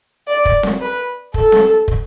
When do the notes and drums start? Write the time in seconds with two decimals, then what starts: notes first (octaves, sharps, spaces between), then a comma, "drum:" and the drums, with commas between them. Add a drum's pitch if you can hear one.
0.28 D5
0.45 drum: kick
0.63 drum: snare C4
0.81 B4
1.34 A4, drum: kick
1.52 drum: snare C4
1.88 drum: kick